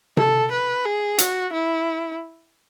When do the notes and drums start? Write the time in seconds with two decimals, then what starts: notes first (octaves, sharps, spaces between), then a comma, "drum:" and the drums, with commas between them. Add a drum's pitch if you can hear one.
0.17 A4, drum: tom C3
0.51 B4
0.85 G#4
1.18 F#4, drum: hi-hat
1.53 E4